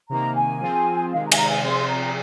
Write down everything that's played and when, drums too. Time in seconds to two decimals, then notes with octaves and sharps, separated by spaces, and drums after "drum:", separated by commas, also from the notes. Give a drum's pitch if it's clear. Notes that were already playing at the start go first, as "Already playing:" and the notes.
0.10 C3 D#3 A#3 A#5
0.35 G#5
0.61 F3 C4 F4 G#4 C5
1.12 C3 D#3 G#3 F5
1.25 A#5
1.32 G#5, drum: cymbal
1.37 A#5
1.50 G#5
1.63 C3 F3 C4 G#4 C6
1.89 A#5